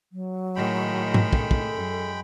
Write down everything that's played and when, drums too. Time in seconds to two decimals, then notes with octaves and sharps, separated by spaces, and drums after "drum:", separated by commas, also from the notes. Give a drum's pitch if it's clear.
0.12 F#3
0.56 A2 D#3 G#3 G5 B5
1.14 drum: tom G#2
1.33 A4, drum: kick
1.51 drum: kick
1.74 F#2